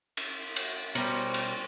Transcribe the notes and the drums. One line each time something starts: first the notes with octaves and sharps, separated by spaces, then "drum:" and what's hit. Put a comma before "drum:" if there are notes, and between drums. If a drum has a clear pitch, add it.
drum: cymbal
drum: cymbal
B2 G3 A#4 C5 C#5, drum: cymbal
drum: cymbal